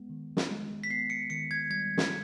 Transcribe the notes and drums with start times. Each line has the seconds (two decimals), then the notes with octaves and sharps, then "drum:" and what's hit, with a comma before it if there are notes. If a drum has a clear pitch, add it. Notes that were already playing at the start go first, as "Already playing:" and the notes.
Already playing: G#3 B3
0.10 D#3
0.37 drum: snare
0.50 G#3
0.84 B6
0.90 B3 C7
1.10 C#7
1.30 D#3 C#7
1.51 G#6
1.71 G3 G#6
1.98 drum: snare